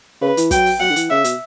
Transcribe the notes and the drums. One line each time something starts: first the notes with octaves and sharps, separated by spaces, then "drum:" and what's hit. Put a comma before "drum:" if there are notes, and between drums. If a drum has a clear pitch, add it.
C#3 B4
E3, drum: hi-hat
F#3 G5, drum: kick, hi-hat
drum: open hi-hat
F#3 F#5
D3
E3, drum: hi-hat
C#3 E5
B2, drum: hi-hat